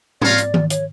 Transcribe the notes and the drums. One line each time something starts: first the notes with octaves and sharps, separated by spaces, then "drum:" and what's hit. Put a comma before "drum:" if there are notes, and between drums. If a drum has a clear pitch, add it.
C#4 F4 A#4 C#5 D5 F5, drum: tom
drum: hi-hat
drum: tom D#3
C#5, drum: hi-hat